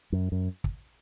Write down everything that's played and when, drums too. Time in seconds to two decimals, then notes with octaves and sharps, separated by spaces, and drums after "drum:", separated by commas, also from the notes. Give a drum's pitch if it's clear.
0.12 F#2
0.32 F#2
0.64 drum: kick